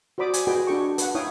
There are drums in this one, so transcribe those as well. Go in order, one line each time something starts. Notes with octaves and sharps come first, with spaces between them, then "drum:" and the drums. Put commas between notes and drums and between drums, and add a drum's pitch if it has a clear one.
F#4 C5 D5 B5 D6 D#6
G#5, drum: hi-hat
F#4 G#4 B4 D#5 G5
D4 F4 F#4 A4 G5 C#6
B4 F#5, drum: hi-hat
D#4 E4 C#5 F5 G5 D#6